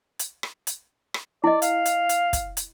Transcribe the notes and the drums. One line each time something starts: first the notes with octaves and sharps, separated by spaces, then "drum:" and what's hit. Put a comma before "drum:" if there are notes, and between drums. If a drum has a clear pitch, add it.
drum: hi-hat
drum: rim click
drum: hi-hat
drum: rim click
E4 D5 D#5
F5, drum: hi-hat
drum: hi-hat
drum: hi-hat
drum: kick, hi-hat
drum: hi-hat